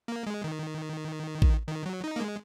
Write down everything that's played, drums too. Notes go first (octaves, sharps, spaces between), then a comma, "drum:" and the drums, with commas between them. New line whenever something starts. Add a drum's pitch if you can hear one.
A#3
G#3
D#3
drum: kick A1
D#3
F#3
D#4
A#3
G#3